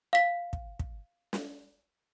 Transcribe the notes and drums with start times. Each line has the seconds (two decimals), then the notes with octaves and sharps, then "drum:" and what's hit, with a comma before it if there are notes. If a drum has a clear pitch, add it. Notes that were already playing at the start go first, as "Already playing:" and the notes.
0.13 F5 B6
0.53 drum: kick
0.80 drum: kick
1.33 drum: snare